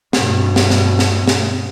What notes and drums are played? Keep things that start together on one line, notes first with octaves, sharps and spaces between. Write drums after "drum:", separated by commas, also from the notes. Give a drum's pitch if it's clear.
G2 B2, drum: snare
drum: snare
drum: snare
drum: snare
drum: snare